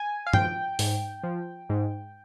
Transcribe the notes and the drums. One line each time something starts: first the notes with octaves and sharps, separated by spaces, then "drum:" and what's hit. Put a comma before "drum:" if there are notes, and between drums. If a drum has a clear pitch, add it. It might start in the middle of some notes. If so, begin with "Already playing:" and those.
Already playing: G#5
F5
F3 G5, drum: tom
G#2, drum: open hi-hat
F3
G#2